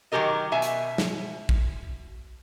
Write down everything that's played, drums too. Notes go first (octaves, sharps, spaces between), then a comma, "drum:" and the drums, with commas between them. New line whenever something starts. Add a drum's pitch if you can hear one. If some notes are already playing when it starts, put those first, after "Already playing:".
D#3 F#3 G#3 G4 A#4 D#5
B2 E5 G#5
drum: hi-hat
drum: snare
drum: kick